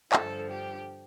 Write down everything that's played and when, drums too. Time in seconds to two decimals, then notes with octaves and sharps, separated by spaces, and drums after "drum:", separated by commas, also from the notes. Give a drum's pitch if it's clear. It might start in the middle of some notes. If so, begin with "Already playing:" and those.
0.13 G2 D3 F3 A4, drum: clap
0.51 G4